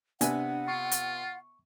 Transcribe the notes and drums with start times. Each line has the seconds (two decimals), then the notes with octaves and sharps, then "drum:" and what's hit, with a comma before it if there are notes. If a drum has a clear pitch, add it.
0.21 C3 B3 D4 F#5 G#5, drum: hi-hat
0.68 F4 C#6
0.92 drum: hi-hat